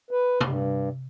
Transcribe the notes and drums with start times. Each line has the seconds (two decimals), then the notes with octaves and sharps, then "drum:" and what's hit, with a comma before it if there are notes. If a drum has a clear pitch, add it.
0.11 B4
0.41 G2, drum: tom C3